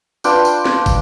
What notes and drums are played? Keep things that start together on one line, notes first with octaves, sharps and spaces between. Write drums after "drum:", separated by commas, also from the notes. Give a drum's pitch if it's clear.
D4 F4 B4 G5, drum: tambourine
drum: tambourine
drum: snare
drum: kick, tambourine